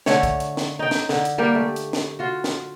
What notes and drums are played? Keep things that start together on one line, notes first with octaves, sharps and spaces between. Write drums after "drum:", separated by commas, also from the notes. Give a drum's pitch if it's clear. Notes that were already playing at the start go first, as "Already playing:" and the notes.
D3 A3 C#5, drum: snare
drum: kick, hi-hat
drum: hi-hat
drum: snare
D#4 G5
drum: snare
D3, drum: snare
drum: hi-hat
G3 A#3 G4
A3
drum: hi-hat
drum: snare
F4 F#4
drum: snare